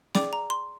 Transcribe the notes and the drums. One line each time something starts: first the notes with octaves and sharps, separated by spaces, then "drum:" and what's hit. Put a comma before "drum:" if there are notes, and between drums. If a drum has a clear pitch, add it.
G#4 D5 G5 D6, drum: snare
A#5
C6